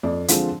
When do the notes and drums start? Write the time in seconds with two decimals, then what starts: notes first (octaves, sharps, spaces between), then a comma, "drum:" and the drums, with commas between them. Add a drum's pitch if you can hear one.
0.03 F2 D5
0.28 D3 F3 G#3 C4, drum: hi-hat